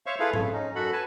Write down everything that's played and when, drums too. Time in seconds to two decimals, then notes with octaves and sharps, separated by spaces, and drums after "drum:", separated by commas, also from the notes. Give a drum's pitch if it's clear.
0.06 C5 C#5 E5 F5 C#6
0.20 E4 F4 G#4 A4 B4 F5
0.34 F2 C#3 F3 A3, drum: tom G#2
0.53 C#4 D#4
0.75 F#2 F#4 A4 F#5 B5
0.93 B4 G#5 A5